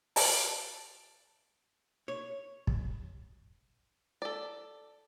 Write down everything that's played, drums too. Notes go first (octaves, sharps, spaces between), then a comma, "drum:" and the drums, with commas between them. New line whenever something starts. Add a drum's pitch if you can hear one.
A5, drum: open hi-hat
C#5
drum: kick
A4 D5